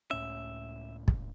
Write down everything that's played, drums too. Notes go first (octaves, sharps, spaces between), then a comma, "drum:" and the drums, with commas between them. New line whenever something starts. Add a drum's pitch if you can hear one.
C#2 A2 C#4 E5
drum: kick